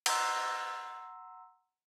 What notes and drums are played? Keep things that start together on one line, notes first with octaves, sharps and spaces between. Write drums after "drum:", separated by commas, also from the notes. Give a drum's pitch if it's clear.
F#5 A#5 C6 E6, drum: cymbal